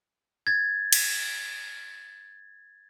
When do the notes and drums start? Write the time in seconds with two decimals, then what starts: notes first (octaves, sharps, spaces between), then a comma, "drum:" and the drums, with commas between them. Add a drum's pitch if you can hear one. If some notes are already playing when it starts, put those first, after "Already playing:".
0.47 G#6 A6
0.93 drum: cymbal